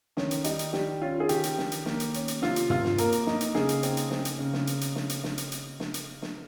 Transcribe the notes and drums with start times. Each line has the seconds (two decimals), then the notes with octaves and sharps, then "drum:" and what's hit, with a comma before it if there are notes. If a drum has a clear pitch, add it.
0.17 D#3 C#4, drum: snare
0.31 drum: hi-hat
0.44 G3 D#4, drum: hi-hat
0.59 drum: hi-hat
0.73 G3 G4, drum: snare
1.02 C#4 F4
1.20 G#4
1.29 D#3 G4, drum: hi-hat
1.43 drum: hi-hat
1.58 D#3, drum: snare
1.72 drum: hi-hat
1.86 A#3, drum: snare
2.00 drum: hi-hat
2.14 C#4, drum: hi-hat
2.28 drum: hi-hat
2.42 C3 F4, drum: snare
2.56 drum: hi-hat
2.70 C3 F4, drum: tom
2.84 drum: snare
2.98 A#3 A#4, drum: hi-hat
3.12 drum: hi-hat
3.26 D#4, drum: snare
3.41 drum: hi-hat
3.54 C#3 G#4, drum: snare
3.69 drum: hi-hat
3.83 C4, drum: hi-hat
3.97 drum: hi-hat
4.11 C4, drum: snare
4.25 drum: hi-hat
4.39 C#3
4.53 drum: snare
4.67 drum: hi-hat
4.81 drum: hi-hat
4.95 drum: snare
5.09 drum: hi-hat
5.24 drum: snare
5.38 drum: hi-hat
5.52 drum: hi-hat
5.80 drum: snare
5.94 drum: hi-hat
6.22 drum: snare